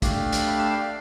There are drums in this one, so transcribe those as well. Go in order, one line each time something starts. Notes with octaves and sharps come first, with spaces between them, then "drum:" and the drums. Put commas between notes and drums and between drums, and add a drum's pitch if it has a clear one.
A3 D4 G4 D5 F5, drum: kick, hi-hat
drum: hi-hat
B5
A5
G5
F5